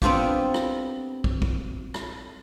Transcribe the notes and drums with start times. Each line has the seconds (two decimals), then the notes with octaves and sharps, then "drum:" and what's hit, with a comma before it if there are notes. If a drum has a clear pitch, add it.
0.02 B3 C4 D4 F4 G4, drum: kick
0.54 drum: rim click
1.24 drum: kick
1.42 drum: kick
1.94 drum: rim click